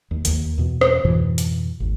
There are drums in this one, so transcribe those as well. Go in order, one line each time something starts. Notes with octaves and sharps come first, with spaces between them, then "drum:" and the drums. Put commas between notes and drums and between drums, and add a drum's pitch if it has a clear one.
D#2
D#2 D#3, drum: hi-hat
E2 B2
drum: rim click
F2 G#2 B2 E3
drum: hi-hat
G#1 D#2